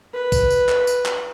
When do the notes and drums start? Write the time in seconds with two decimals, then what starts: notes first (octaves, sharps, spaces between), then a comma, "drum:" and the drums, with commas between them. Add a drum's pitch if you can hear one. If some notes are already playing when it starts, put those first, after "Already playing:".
0.14 B4
0.32 drum: kick, tambourine
0.50 drum: tambourine
0.69 drum: clap
0.87 drum: tambourine
1.06 drum: clap